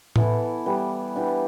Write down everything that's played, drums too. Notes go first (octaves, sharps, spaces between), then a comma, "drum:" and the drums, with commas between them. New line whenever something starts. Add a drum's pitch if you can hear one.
E3 B3 E4 A4, drum: tom A2
E3 G3 B3
E3 B3 D4 G4